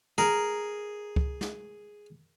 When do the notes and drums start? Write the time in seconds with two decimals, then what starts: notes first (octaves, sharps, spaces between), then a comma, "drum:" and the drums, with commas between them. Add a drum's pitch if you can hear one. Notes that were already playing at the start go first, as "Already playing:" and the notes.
0.18 G#4 A#4, drum: snare
1.16 drum: kick C#2
1.41 drum: snare